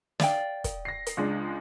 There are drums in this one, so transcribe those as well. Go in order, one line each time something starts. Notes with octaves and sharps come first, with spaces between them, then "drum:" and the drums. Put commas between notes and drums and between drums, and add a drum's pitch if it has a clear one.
D5 F5 G5, drum: snare
drum: kick, hi-hat
A#6 C7
drum: hi-hat
C#2 G#3 D4